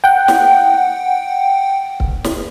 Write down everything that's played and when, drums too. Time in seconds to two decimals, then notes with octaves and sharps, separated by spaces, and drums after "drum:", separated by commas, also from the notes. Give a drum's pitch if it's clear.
0.04 F#5 G5
0.28 drum: snare
2.00 drum: kick C#1
2.24 drum: snare